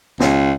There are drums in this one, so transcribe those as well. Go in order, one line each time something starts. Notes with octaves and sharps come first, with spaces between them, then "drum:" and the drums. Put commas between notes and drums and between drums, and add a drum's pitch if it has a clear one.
C#2, drum: snare